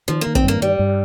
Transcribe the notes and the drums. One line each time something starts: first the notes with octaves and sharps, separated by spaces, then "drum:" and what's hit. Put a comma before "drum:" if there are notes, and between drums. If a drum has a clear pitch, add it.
D#3 F3
A#3
D#3
C4, drum: kick
G2 A#3
G2 G3
G2